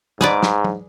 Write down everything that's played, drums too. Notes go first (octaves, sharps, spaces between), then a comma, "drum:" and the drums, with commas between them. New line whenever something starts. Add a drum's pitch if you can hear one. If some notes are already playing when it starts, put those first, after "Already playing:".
G#2 G#4 B4 D5, drum: snare
drum: snare
drum: tom F#3